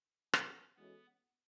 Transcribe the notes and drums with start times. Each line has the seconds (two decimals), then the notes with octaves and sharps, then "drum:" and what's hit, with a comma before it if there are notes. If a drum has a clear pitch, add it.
0.33 A2 F#3 B3 C#4 F#4 A4, drum: rim click
0.76 E3 G#3 B3 C#4 F#4 A4